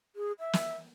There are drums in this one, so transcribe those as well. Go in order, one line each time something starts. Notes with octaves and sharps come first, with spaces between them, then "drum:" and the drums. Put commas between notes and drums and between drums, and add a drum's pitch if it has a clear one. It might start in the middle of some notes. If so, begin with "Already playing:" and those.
G#4
E5
drum: snare